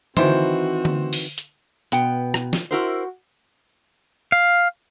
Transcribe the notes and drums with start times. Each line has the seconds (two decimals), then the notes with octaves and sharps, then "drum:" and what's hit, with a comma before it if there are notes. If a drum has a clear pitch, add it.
0.17 D#3 E3 C4 F#4 C5, drum: tom D3
0.85 drum: tom D3
1.13 drum: open hi-hat
1.38 drum: hi-hat
1.92 B2 B3 G5, drum: hi-hat
2.34 drum: rim click
2.53 drum: snare
2.71 E4 F#4 A#4 C5
4.32 F5